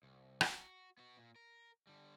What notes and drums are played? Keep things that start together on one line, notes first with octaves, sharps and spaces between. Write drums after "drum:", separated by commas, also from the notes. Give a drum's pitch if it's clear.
C2
drum: rim click
F#4
B3 F#4
A#2
A#4
D3 G3